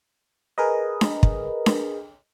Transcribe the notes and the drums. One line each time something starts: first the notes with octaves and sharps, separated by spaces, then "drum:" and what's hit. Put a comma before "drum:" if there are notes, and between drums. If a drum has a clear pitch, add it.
G#4 A#4 B4 D#5
drum: snare D4
drum: kick
drum: snare D4